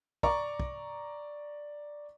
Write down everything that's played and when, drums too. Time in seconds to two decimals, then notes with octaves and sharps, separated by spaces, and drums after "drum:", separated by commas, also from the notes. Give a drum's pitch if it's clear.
0.23 D5 A#5 C#6 D6, drum: kick
0.60 drum: kick